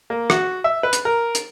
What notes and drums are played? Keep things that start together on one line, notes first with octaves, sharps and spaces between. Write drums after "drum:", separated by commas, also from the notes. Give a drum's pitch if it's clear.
A#3
F#4, drum: rim click
E5
B4
drum: hi-hat
A#4
drum: hi-hat